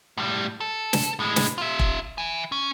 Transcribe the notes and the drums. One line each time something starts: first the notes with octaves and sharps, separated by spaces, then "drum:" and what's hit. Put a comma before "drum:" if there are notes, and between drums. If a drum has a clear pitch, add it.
A2 G3
A4
drum: snare
A2 G#3
drum: snare
F4 E5
drum: kick E1
E5 G#5
C#4